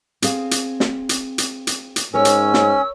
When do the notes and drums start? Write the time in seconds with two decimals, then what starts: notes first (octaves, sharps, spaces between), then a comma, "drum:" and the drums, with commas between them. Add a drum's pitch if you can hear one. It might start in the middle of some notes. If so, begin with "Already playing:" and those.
0.22 C4 G#4 F5, drum: hi-hat
0.51 drum: hi-hat
0.80 drum: snare
1.09 drum: hi-hat
1.38 drum: hi-hat
1.67 drum: hi-hat
1.96 drum: hi-hat
2.14 G#2 C#4 A#4 C#5 E6
2.25 drum: hi-hat
2.54 drum: snare